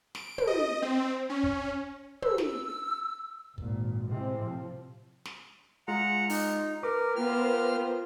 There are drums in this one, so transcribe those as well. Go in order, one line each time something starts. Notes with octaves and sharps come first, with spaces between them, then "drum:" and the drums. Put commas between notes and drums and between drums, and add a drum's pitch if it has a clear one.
D7, drum: snare
drum: tom
D#5
C4
C#4
drum: kick
E6, drum: tom
drum: snare
G#1 A#2, drum: kick
A2 C3 G#3 C4
F3
drum: snare
G#3 F4 F#5 A#5
D#4, drum: open hi-hat
A#4 B4 D6
B3 F4 A#4 C5 G5 F6